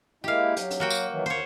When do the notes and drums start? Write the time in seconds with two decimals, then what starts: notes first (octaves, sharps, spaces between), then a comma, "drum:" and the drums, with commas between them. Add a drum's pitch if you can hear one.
0.24 G#3 A#3 E4 G4 F5
0.56 F#3, drum: hi-hat
0.71 drum: hi-hat
0.80 A#3 F#4 G5
0.90 drum: tambourine
1.10 D#3 E3 F#3
1.26 D#2 A#3 C5 C#5